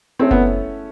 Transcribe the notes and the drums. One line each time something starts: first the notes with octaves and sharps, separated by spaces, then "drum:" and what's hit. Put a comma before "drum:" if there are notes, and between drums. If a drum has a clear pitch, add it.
A3 C4 C#4 E4 A4 C#5
B3, drum: kick F#1